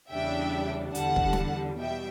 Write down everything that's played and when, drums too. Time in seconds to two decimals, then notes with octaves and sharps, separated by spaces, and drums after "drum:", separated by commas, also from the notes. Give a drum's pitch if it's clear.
0.11 E2 C#3 G3 D4 E5 G5
0.95 E2 D3 G3 F#5 A5, drum: hi-hat
1.16 drum: kick
1.33 drum: snare
1.79 B2 G3 E5 G5